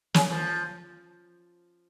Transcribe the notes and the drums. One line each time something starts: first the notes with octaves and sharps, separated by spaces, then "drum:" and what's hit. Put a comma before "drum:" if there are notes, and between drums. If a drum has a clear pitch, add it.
C#3, drum: snare
F3